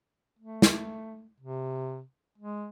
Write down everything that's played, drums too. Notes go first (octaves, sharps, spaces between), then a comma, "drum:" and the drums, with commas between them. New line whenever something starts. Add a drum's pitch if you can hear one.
A3
drum: snare
C3
G#3